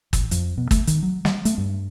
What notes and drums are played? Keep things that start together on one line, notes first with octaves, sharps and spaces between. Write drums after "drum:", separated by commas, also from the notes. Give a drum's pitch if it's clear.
A1, drum: kick, hi-hat
F2, drum: hi-hat
B2
A3, drum: kick, hi-hat
D#3, drum: hi-hat
F#3
G3, drum: snare
A3, drum: hi-hat
G2